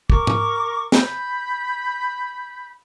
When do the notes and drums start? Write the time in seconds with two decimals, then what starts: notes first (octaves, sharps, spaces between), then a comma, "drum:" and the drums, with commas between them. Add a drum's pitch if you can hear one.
0.10 A#4 C#6 D6, drum: kick
0.27 drum: tom
0.92 B5 G6, drum: snare